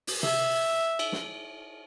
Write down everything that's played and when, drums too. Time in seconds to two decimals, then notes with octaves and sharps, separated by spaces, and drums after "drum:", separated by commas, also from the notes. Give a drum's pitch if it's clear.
0.07 drum: open hi-hat
0.23 E5, drum: tom C3
0.99 drum: cymbal
1.12 drum: snare